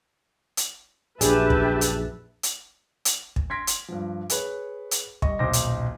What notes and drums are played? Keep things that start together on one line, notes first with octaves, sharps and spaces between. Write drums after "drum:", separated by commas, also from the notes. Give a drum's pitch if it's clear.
drum: hi-hat
A#1 F#2 D4 G4 G#4 B4 E5 A5, drum: hi-hat
drum: kick
drum: hi-hat
drum: hi-hat
drum: hi-hat
drum: kick
C6 G#6 A#6 B6 D7
drum: hi-hat
G2 F3
G#4 B4 C#5, drum: hi-hat
drum: hi-hat
G3 D#5 C#6, drum: kick
D#1 B1 D#4 C5 D6 A#6
drum: hi-hat